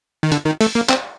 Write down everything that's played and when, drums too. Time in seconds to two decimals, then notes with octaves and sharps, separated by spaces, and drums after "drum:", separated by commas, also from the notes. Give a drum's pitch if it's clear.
0.23 D#3
0.32 D3, drum: hi-hat
0.46 D#3
0.61 A3, drum: open hi-hat
0.75 A#3
0.89 C4, drum: clap